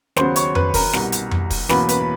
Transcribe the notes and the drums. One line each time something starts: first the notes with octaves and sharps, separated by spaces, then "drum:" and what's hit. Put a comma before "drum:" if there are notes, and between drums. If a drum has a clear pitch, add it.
D#2 C#3 F#3 B3 C5 C6, drum: snare
C#5 C#6, drum: hi-hat
B4 B5, drum: tom F2
A#4 A#5, drum: kick, open hi-hat
C2 B2 G3, drum: snare
drum: hi-hat
drum: tom F2
drum: kick, open hi-hat
E2 B2 F#3 A#3 B4 B5, drum: snare
B4 B5, drum: hi-hat
B5